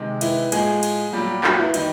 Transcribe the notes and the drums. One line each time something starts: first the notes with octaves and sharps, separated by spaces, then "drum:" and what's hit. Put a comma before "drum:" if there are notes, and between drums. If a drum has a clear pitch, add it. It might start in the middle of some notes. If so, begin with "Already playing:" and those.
Already playing: C3 D#3 G#3
E3 E4, drum: cymbal
A2 F3 G#3 G#4, drum: cymbal
drum: cymbal
A#2 F#3 G3 G4
F#3 F#4, drum: clap
E3 E4
D#3 G3 D#4, drum: cymbal